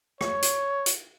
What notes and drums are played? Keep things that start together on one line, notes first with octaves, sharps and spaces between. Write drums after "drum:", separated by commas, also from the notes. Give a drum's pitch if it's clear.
C#5, drum: rim click
drum: hi-hat
drum: hi-hat